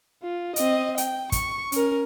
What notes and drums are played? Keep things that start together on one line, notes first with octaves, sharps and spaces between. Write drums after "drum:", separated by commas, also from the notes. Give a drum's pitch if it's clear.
F4
C4 D#5, drum: hi-hat
G5, drum: hi-hat
C#6, drum: kick, hi-hat
C#4 A#4, drum: hi-hat